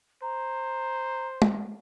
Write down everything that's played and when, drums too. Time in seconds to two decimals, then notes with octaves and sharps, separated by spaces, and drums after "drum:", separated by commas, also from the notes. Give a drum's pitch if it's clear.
0.22 C5 A#5
1.42 drum: tom